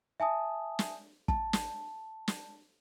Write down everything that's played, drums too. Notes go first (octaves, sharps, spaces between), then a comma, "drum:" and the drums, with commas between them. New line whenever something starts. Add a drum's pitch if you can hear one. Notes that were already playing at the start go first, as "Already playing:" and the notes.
E5 G#5 A5 D#6
drum: snare
A5, drum: kick
drum: snare
drum: snare